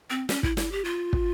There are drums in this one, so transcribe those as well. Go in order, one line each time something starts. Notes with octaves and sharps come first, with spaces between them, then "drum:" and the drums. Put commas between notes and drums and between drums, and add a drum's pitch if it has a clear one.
C4
C#4, drum: snare
E4, drum: kick
E4, drum: snare
G4
F4
drum: kick